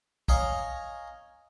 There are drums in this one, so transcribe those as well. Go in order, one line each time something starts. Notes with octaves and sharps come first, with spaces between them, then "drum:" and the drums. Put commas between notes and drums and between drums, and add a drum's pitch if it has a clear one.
C#5 D#5 F5 G#5 A#5, drum: kick